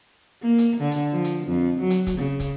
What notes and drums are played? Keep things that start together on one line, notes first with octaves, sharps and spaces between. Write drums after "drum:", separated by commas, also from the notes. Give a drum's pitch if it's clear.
A#3
drum: hi-hat
D3
drum: hi-hat
F3
drum: hi-hat
F2
F#3
drum: hi-hat
drum: kick, hi-hat
C#3
drum: kick, hi-hat